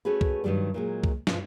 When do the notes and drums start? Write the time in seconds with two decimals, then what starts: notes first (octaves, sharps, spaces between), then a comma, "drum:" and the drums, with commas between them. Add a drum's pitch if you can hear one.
0.05 A3 C#4 F#4 G#4 B4
0.21 drum: kick C2
0.44 G2 A#2 D#3 F#3 G3
0.74 A#2 F#3 G#3
1.04 drum: kick C2
1.27 G2 B2 F3, drum: snare